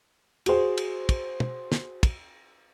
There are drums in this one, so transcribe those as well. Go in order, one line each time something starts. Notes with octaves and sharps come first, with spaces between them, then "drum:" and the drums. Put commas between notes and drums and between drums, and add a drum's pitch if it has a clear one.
F#4 G#4 C5, drum: cymbal
drum: cymbal
drum: kick, cymbal
drum: tom
drum: snare
drum: kick, cymbal